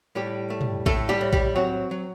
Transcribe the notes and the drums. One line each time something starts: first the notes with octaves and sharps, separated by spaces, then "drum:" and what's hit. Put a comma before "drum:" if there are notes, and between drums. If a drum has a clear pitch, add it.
A2 G3 G4
A3
drum: tom
A2 A3 A4, drum: kick A#1
G3 G4
A2
G3 G4, drum: kick A#1
F#3 C4 F#4
F#3